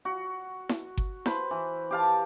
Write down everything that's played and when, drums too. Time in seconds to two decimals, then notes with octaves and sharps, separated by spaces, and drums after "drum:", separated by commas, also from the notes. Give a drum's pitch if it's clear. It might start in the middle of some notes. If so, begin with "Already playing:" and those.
0.05 F#4
0.69 drum: snare E4
0.97 drum: kick G1
1.26 B4 C5, drum: snare E4
1.51 E3
1.91 G4 F5 A5